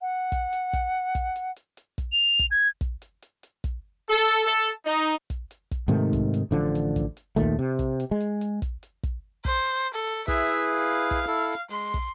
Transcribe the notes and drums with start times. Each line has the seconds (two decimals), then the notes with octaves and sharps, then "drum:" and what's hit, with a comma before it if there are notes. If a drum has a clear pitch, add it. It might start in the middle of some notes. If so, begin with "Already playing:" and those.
0.01 F#5
0.32 drum: kick, hi-hat
0.53 drum: hi-hat
0.73 drum: kick, hi-hat
1.15 drum: kick, hi-hat
1.36 drum: hi-hat
1.56 drum: hi-hat
1.77 drum: hi-hat
1.98 drum: kick, hi-hat
2.12 F7
2.39 drum: kick, hi-hat
2.51 G#6
2.81 drum: kick, hi-hat
3.02 drum: hi-hat
3.22 drum: hi-hat
3.43 drum: hi-hat
3.64 drum: kick, hi-hat
4.09 A4
4.44 A4
4.68 drum: hi-hat
4.85 D#4
5.30 drum: kick, hi-hat
5.51 drum: hi-hat
5.71 drum: kick, hi-hat
5.88 G#2 C3 D#3 A3
6.13 drum: kick, hi-hat
6.34 drum: hi-hat
6.51 A1 D3 F3
6.75 drum: hi-hat
6.96 drum: kick, hi-hat
7.17 drum: hi-hat
7.36 D#2 A#2 D#3 A3, drum: kick, hi-hat
7.59 C3
7.79 drum: kick, hi-hat
8.00 drum: hi-hat
8.11 G#3
8.20 drum: hi-hat
8.41 drum: hi-hat
8.62 drum: kick, hi-hat
8.83 drum: hi-hat
9.03 drum: kick, hi-hat
9.45 C5, drum: kick, hi-hat
9.66 drum: hi-hat
9.94 A4
10.07 drum: hi-hat
10.28 E4 G#4 B4 E5, drum: kick, hi-hat
10.49 drum: hi-hat
10.73 F5
11.11 drum: kick, hi-hat
11.27 E4 A4
11.52 drum: hi-hat
11.70 G#3 C6, drum: hi-hat
11.94 drum: kick, hi-hat